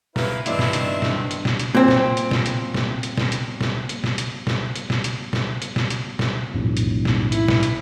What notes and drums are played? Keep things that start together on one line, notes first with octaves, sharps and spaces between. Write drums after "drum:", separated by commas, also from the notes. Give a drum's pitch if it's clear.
E4 A#4 B4 F5, drum: snare
G2 D#3 C4 D4 E4 D5 E5, drum: hi-hat
drum: snare
drum: hi-hat
drum: snare
drum: hi-hat
drum: snare
drum: hi-hat
A#2 C4
drum: snare
drum: hi-hat
drum: snare
drum: hi-hat
drum: snare
drum: hi-hat
drum: snare
drum: hi-hat
drum: snare
drum: hi-hat
drum: snare
drum: hi-hat
drum: snare
drum: hi-hat
drum: snare
drum: hi-hat
drum: snare
drum: hi-hat
drum: snare
drum: hi-hat
drum: snare
D#1 B1 F2 A2
drum: hi-hat
drum: snare
E4, drum: hi-hat
drum: snare
drum: hi-hat